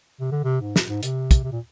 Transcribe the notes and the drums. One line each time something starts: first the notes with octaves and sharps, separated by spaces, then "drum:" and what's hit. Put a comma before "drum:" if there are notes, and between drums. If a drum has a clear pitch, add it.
C3
D3
C3
G#2
drum: snare
G#2
C3, drum: hi-hat
drum: kick, hi-hat
C3
A#2